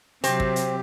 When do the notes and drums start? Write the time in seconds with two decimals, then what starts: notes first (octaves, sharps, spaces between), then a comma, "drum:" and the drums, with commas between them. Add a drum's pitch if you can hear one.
0.24 C3 F#3 C4 G4, drum: hi-hat
0.40 drum: kick
0.56 drum: hi-hat